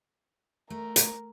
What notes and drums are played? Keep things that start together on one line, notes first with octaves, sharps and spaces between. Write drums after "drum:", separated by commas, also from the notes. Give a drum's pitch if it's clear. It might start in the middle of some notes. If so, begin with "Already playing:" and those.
A3 A#4
drum: hi-hat